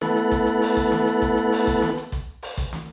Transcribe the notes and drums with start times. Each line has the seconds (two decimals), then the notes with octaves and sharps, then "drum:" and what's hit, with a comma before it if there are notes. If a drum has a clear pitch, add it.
0.01 A3 B3 E4 A4 B4 F#5, drum: snare
0.16 drum: hi-hat
0.32 drum: kick A1, hi-hat
0.47 drum: hi-hat
0.62 drum: open hi-hat
0.77 drum: kick A1, hi-hat
0.92 drum: snare
1.07 drum: hi-hat
1.22 drum: kick A1, hi-hat
1.37 drum: hi-hat
1.52 drum: open hi-hat
1.67 drum: kick A1, hi-hat
1.82 drum: snare
1.97 drum: hi-hat
2.12 drum: kick A1, hi-hat
2.42 drum: open hi-hat
2.58 drum: kick A1, hi-hat
2.73 drum: snare